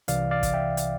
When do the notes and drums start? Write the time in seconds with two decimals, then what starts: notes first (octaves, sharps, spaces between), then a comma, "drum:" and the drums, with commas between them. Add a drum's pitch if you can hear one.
0.08 C2 C3 E3 D5 F5, drum: hi-hat
0.31 D5 F5
0.43 drum: kick, hi-hat
0.54 E5 G5
0.77 drum: hi-hat